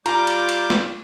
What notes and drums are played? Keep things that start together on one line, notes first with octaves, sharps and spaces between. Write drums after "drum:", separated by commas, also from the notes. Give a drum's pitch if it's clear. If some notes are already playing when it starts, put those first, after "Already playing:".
G3 F4 A#5 D6 G6, drum: cymbal
drum: cymbal
drum: cymbal
drum: snare